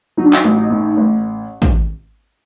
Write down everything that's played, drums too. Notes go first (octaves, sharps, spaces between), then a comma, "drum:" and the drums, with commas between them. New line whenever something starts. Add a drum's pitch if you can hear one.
F#3 D#4
D4
D#4, drum: clap
A1
D#4
A2
A1
drum: kick